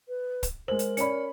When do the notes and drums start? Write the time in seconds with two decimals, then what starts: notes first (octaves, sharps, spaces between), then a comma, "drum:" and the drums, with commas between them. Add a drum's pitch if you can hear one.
0.09 B4
0.43 drum: kick, hi-hat
0.68 G#3 A#4 C5 F#7
0.79 drum: hi-hat
0.97 C#4 D5 B5 C#7, drum: hi-hat